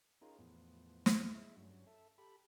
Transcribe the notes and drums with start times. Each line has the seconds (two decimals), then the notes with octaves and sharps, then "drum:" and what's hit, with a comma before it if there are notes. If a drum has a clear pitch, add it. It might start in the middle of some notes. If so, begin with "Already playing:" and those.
0.22 C#4 D#4 F4 G#4 A#4
0.39 E2 A2 F3 B3
1.06 drum: snare
1.35 G#3 E4 E5
1.56 G2 F#3 C#4
1.87 A4 E5
2.18 G4 A4 B5